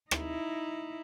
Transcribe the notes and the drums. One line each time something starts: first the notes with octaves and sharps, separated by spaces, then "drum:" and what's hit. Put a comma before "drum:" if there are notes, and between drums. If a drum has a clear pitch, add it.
D#4 E4, drum: rim click